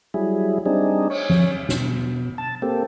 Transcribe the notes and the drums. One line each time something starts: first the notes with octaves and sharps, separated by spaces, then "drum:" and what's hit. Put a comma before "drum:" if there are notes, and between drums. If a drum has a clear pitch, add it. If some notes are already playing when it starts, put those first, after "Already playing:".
F#3 G3 E4 G#4
G3 C4 D4 D#4 G#4
C#5, drum: cymbal
drum: tom F3
B2, drum: snare
A5
A#3 C4 G4 A4